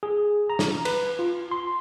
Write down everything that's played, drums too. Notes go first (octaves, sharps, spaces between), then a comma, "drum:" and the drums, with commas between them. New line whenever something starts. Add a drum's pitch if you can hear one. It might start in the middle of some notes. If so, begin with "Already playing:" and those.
G#4
A#5
drum: snare
B4, drum: cymbal
F4
C6